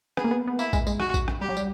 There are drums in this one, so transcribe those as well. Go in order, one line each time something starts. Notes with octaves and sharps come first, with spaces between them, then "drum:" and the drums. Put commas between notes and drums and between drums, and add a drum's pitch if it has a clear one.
B3 G#4, drum: rim click
A#3
B3
B3
A#3 E4, drum: tambourine
G#3, drum: kick, tambourine
G#3, drum: tambourine
F#4, drum: rim click
drum: kick, tambourine
drum: rim click
G3 G4
F#3
G3, drum: tambourine